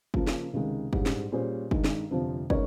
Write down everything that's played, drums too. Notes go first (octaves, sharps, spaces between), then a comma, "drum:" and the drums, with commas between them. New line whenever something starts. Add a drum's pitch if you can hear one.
C#3 F3 A#3 F4 A#4, drum: kick
drum: snare
C#2 C3 D#3 G#3
A#1 G#2 G3, drum: kick
drum: snare
A#2 G3 C#4 G#4 C5
G2 D#3 G#3 D#4, drum: kick
drum: snare
G1 F2 C3 F3 C4
C#3 G#3 D#4 A#4 C#5, drum: kick